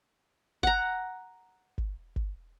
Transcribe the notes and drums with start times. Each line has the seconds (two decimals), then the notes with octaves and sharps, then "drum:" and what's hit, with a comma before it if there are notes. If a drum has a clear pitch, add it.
0.63 F#5 A#5, drum: kick G1
1.78 drum: kick G1
2.16 drum: kick G1